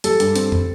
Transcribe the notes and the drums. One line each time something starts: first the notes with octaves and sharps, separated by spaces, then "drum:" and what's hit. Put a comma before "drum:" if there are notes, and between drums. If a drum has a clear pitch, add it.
G3 A4, drum: hi-hat
G2, drum: hi-hat
C4, drum: hi-hat
drum: tom